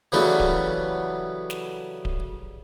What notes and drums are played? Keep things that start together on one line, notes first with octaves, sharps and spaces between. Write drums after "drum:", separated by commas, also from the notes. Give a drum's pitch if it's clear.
C#3 E3 F#3 G3 A3 B3
drum: kick D1
drum: snare
drum: kick D1